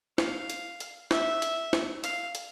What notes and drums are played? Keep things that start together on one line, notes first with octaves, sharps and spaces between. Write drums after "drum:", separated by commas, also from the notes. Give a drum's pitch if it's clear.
F5, drum: snare
drum: hi-hat
drum: hi-hat
E5, drum: snare
drum: hi-hat
drum: snare
F5, drum: hi-hat
drum: hi-hat